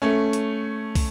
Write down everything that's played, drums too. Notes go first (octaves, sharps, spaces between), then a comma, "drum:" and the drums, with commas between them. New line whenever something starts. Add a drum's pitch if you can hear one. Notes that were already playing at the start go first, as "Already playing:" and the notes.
A3 C#4
drum: hi-hat
drum: kick, open hi-hat